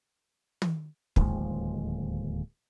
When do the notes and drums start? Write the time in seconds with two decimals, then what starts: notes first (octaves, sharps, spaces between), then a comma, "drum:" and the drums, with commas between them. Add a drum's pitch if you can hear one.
0.62 drum: tom
1.16 D1 D#2 F3 G#3, drum: kick